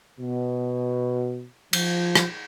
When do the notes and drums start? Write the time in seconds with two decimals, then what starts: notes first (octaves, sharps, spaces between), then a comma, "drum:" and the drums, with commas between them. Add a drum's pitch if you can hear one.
0.20 B2
1.73 F3, drum: cymbal
2.15 drum: rim click